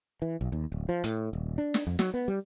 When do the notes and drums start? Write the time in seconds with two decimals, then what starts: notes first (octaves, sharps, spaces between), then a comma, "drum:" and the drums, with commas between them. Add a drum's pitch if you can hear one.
0.22 E3
0.41 B1
0.52 D#2
0.72 D1
0.89 F3
1.04 A2, drum: hi-hat
1.33 D#1
1.58 D4
1.74 drum: snare
1.87 F2
1.99 F#3, drum: snare
2.14 B3
2.28 G3